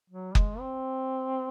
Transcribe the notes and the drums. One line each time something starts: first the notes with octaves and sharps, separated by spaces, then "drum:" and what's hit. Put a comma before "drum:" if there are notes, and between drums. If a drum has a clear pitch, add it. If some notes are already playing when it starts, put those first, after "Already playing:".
F#3
G#3, drum: kick F#1
C4